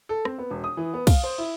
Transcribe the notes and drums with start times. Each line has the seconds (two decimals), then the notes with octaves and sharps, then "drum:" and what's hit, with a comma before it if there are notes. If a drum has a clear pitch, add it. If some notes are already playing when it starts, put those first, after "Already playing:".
0.09 A4
0.25 C4, drum: rim click
0.38 B3
0.50 E1
0.64 D#6
0.77 E3
0.94 B3
1.07 F5, drum: kick, cymbal
1.24 C5
1.38 E4